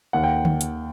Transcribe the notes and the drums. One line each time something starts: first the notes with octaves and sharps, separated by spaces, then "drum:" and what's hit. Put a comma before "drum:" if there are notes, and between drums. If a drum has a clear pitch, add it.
D#2 F#5
G5
drum: tom D3
drum: hi-hat